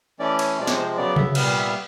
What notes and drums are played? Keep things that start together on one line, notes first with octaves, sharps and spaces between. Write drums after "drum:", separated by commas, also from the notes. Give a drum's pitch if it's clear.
E3 A3 C#4 D5
C#5, drum: cymbal
C3 F3 G#3 D5
C#5, drum: snare
C5
C#3 F#3 B3 D5
E5, drum: tom C3
A#2 G3 B3 F5, drum: cymbal
E5
F5